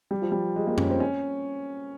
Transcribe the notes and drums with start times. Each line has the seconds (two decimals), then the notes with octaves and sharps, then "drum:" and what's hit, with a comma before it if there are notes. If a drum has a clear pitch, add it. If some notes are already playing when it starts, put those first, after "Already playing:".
0.11 G3
0.22 F3
0.32 G3
0.56 G#3
0.67 A#3
0.78 C#4, drum: tom F#2
0.90 C4
1.00 C#4